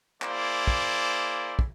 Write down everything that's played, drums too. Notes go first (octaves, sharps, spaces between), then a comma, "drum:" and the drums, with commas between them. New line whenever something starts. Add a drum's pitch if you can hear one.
A#3 E4 G#4 C5 D5, drum: clap
drum: kick
drum: kick